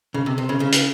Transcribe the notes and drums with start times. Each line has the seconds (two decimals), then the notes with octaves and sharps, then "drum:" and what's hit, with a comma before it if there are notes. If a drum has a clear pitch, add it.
0.14 C#3
0.26 C3
0.38 C3
0.49 C#3
0.60 C#3
0.73 drum: hi-hat